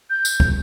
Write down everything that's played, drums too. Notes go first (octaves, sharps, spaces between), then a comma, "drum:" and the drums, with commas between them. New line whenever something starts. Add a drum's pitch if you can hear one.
G6
drum: tambourine
drum: kick